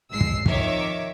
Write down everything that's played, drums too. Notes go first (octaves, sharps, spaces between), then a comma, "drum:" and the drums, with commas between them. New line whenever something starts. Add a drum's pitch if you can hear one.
A1 G#3 E6 C7
drum: kick
F2 D#3 C#5 E5 D6, drum: kick